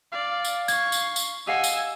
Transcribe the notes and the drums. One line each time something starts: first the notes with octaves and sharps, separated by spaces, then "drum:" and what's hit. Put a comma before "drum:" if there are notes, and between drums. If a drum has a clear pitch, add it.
D5 F5
drum: tambourine
C#6 G#6 C7, drum: tambourine
drum: tambourine
drum: tambourine
G4 D#5 F5 F#5 G#5 E6
drum: tambourine